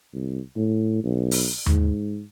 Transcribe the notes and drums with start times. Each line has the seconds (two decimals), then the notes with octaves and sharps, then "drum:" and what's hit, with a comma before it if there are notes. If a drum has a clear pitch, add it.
0.14 C2
0.56 A2
1.04 B1
1.31 drum: open hi-hat
1.66 G#2, drum: tom D#2